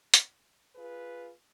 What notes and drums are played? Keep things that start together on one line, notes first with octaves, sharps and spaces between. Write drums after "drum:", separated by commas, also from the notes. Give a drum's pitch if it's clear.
drum: hi-hat
F4 G#4 B4